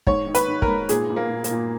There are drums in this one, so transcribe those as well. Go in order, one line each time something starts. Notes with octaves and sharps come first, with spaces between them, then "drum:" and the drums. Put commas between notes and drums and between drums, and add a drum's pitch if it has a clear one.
G#2 C#5, drum: kick
D#3
B4, drum: hi-hat
D#3
A#4, drum: kick
G#2
A#2 G#4, drum: hi-hat
A#2
A#3
A#2
A#3, drum: hi-hat
A#2